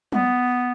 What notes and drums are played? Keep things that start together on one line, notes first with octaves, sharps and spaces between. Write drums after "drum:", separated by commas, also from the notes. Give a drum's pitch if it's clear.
B3, drum: tom F#3